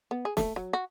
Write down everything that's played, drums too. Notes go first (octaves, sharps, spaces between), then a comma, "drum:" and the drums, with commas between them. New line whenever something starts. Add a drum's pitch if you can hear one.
B3
G#4
A3, drum: snare
F#3
F#4